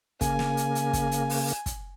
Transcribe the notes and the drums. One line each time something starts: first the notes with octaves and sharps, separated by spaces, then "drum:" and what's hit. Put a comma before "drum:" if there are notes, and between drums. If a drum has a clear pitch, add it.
C#3 A#3 G#5, drum: kick, hi-hat
drum: snare
drum: hi-hat
drum: hi-hat
drum: kick, hi-hat
drum: hi-hat
drum: open hi-hat
drum: hi-hat
drum: kick, hi-hat